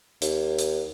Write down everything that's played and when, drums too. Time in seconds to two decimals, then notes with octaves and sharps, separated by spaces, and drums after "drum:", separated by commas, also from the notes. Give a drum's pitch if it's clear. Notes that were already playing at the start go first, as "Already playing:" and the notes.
0.22 D#2, drum: hi-hat
0.59 drum: hi-hat